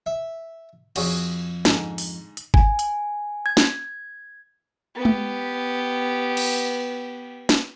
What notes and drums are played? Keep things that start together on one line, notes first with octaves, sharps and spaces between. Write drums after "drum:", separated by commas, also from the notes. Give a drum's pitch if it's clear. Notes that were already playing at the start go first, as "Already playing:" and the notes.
E5
F2 F#4 G#4 C#5 D#6, drum: cymbal
G#2 D3, drum: snare
drum: open hi-hat
drum: hi-hat
G#5, drum: kick G1
drum: hi-hat
G#6
drum: snare
B3 G4
drum: tom G#3
drum: cymbal
drum: snare